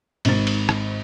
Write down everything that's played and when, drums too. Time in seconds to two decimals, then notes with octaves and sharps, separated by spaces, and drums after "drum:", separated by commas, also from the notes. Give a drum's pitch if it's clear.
0.25 G#1 G#2 A6, drum: cymbal
0.47 drum: cymbal
0.69 drum: rim click